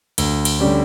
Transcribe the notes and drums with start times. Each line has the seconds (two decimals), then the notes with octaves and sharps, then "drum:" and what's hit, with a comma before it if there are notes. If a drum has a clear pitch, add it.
0.18 D2, drum: cymbal
0.45 drum: cymbal
0.59 D3 G3 C#4